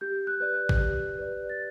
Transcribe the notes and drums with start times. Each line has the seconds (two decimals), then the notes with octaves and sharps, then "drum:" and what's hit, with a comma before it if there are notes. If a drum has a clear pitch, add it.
0.01 G4 G6
0.27 F#6
0.40 B4 D5
0.54 F#6
0.69 drum: kick A1
0.80 G4
1.19 B4 D5
1.49 A6